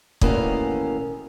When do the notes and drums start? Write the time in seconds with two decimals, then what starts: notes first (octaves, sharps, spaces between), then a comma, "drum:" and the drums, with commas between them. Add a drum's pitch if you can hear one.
0.21 E2 B2 D#3 A3 A#3 C#4, drum: kick